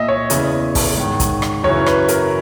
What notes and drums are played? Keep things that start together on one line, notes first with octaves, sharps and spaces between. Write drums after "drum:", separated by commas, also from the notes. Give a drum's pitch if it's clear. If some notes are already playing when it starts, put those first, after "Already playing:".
Already playing: A#2 D#5 E5
C#5
E2 C#3 E3, drum: hi-hat
drum: kick, open hi-hat
G#2 D#3
drum: kick, hi-hat
drum: rim click
F#2 C#3 E3 C#5
B4, drum: rim click
A#4, drum: hi-hat